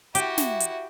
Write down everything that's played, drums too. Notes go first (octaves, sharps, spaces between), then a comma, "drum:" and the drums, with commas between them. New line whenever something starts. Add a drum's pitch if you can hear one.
E4 F#4 G4 E5, drum: hi-hat
drum: snare
drum: hi-hat